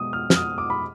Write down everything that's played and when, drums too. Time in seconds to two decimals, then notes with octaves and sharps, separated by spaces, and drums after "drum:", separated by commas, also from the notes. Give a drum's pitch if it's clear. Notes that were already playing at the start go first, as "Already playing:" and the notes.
Already playing: B2 G#3 D#6
0.13 F6
0.30 F6, drum: snare
0.36 D#6
0.58 D6
0.70 B5